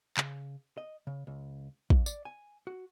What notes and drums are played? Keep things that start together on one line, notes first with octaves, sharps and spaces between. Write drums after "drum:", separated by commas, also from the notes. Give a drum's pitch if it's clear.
C#3, drum: clap
D#5
C#3
C#2
F2, drum: kick
D5, drum: tambourine
G#5
F#4